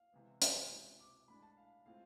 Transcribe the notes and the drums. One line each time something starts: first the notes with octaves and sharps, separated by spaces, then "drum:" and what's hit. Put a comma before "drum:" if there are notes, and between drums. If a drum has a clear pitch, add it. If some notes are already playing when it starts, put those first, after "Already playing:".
Already playing: F5
C3 E3 G#3 B3
G#5, drum: hi-hat
B2 G#3 C4 E4
D6
A2 G#3 D4 B5
A5
F5
A2 G#3 C4 F4 F5